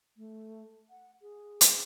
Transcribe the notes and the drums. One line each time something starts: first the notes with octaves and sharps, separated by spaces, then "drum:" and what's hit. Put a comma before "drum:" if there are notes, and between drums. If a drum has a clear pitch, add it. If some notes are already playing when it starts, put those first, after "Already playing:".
A3
F#5
G#4
drum: hi-hat